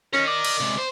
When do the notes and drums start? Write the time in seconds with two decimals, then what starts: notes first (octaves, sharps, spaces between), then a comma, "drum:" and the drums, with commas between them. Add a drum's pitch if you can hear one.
0.14 C#4 A#4 D#5
0.27 D5
0.45 drum: cymbal
0.60 C3 G#3
0.78 C5